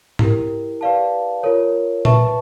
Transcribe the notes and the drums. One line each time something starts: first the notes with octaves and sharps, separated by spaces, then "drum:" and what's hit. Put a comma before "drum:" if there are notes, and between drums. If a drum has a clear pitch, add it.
E4 G4 A#4, drum: tom G#2
G4 B4 D5 F5 A5
F4 A#4 C#5
B4 E5 A5 C#6, drum: tom A#2